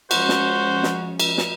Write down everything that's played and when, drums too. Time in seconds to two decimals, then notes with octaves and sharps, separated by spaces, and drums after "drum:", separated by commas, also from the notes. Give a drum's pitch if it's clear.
0.11 F3 G#3 C#4 F#4 C5, drum: cymbal
0.29 drum: snare
0.83 drum: snare
1.20 drum: cymbal
1.38 drum: snare